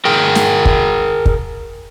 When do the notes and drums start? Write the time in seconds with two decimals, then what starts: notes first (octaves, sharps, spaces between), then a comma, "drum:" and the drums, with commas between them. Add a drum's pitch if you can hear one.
0.05 G#4 A#4 G5
0.35 drum: snare
0.65 drum: kick
1.26 drum: kick